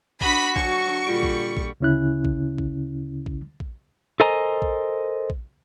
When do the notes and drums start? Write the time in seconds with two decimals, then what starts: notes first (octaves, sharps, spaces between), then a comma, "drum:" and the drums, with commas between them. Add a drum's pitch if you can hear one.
0.21 D4 F#4 B5 D#6 B6, drum: kick A#1
0.56 D3 F#3 D4 C#6, drum: kick A#1
1.07 A#2 D3 G3 F4 D7
1.23 drum: kick A#1
1.57 drum: kick A#1
1.80 D2 C#3 C#4 E4 F#6
2.25 drum: kick A#1
2.58 drum: kick A#1
3.26 drum: kick A#1
3.60 drum: kick A#1
4.20 A4 A#4 C5 D#5 G#5 A#5
4.62 drum: kick A#1
5.30 drum: kick A#1